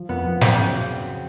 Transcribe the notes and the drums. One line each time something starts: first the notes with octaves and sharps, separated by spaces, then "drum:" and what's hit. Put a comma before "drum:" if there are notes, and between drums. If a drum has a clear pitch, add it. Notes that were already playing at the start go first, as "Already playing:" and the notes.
Already playing: F3
F2 B3
F3
F#3 C4, drum: snare
C#3